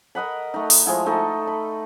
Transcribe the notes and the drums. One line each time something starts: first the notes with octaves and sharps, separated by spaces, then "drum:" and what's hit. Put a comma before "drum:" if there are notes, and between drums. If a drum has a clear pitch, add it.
A#4 D#5 F#5 B5
A3 D#4
drum: open hi-hat
F3 G#3 E4 F#5
A3 D#4 A4
B5